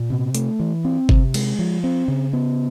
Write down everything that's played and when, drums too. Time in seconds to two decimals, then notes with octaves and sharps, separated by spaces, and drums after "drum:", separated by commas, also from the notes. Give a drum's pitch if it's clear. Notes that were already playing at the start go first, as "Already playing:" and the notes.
Already playing: A#2
0.10 C3
0.35 A3, drum: hi-hat
0.59 E3
0.85 C4
1.09 C3, drum: kick G1
1.34 G#3, drum: cymbal
1.59 F3
1.84 C4
2.08 C#3
2.33 B3